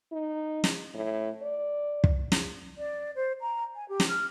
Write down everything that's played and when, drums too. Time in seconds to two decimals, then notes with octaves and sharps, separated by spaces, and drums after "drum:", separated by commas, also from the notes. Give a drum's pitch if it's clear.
0.12 D#4
0.64 drum: snare
0.94 A2
1.43 D5
2.04 drum: kick
2.32 drum: snare
2.78 D5
3.16 C5
3.41 A#5
3.75 G#5
3.89 G4
4.00 drum: snare
4.09 F6